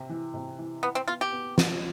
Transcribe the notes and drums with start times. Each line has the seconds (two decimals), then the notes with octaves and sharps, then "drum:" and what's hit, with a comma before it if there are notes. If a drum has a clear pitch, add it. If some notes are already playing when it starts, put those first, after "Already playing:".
Already playing: C3
0.09 E3
0.34 C3
0.59 E3
0.83 B3 E4
0.95 C4
1.08 B3 F4
1.21 G4
1.32 B3
1.58 F3, drum: snare